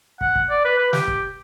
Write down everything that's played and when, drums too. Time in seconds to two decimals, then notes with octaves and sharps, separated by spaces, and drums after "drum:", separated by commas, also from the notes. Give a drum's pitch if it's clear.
0.21 F#5, drum: kick
0.36 drum: kick
0.50 D5
0.65 B4
0.79 B4
0.93 G4, drum: snare
1.08 drum: kick